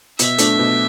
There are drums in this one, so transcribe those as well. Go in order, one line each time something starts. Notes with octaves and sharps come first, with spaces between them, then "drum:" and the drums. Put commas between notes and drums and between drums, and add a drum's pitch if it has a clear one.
B2 E5, drum: hi-hat
A3 D4, drum: hi-hat
B2